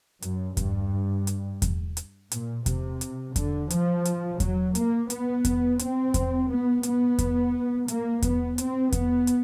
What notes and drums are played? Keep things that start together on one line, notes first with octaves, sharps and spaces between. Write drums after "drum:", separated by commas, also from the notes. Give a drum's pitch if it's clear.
F#2, drum: hi-hat
G2, drum: kick E2, hi-hat
drum: hi-hat
drum: kick E2, hi-hat
drum: hi-hat
A#2, drum: hi-hat
C3, drum: kick E2, hi-hat
drum: hi-hat
D3, drum: kick E2, hi-hat
F3, drum: hi-hat
drum: hi-hat
F#3, drum: kick E2, hi-hat
A#3, drum: hi-hat
B3, drum: hi-hat
drum: kick E2, hi-hat
C4, drum: hi-hat
drum: kick E2, hi-hat
B3
B3, drum: hi-hat
drum: kick E2, hi-hat
A#3, drum: hi-hat
B3, drum: kick E2, hi-hat
C4, drum: hi-hat
B3, drum: kick E2, hi-hat
drum: hi-hat